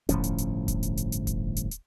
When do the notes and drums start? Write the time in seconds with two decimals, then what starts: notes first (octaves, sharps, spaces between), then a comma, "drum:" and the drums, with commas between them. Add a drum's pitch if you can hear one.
0.09 G1 A2 F3 C#4, drum: kick D#1, hi-hat
0.24 drum: hi-hat
0.38 drum: hi-hat
0.68 drum: kick D#1, hi-hat
0.83 drum: hi-hat
0.97 drum: hi-hat
1.12 drum: hi-hat
1.27 drum: kick D#1, hi-hat
1.56 drum: hi-hat
1.71 drum: hi-hat